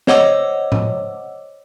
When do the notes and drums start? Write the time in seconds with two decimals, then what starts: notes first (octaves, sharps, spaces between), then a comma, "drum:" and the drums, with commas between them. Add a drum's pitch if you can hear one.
0.07 C5 C#5 D#5 F#5 D6 E6, drum: snare
0.72 drum: tom A2